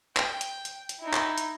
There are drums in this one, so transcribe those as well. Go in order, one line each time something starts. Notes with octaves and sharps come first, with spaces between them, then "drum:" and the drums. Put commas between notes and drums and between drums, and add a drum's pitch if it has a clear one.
G5, drum: clap
drum: hi-hat
drum: hi-hat
drum: hi-hat
D#4 E4
drum: clap
drum: hi-hat